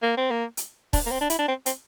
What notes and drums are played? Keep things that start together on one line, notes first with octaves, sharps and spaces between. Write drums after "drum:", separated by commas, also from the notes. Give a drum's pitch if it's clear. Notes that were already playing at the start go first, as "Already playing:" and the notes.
A#3
C4
A#3
drum: hi-hat
D4, drum: kick, open hi-hat
A#3
C4
D4
E4, drum: hi-hat
D4
C4
C4, drum: hi-hat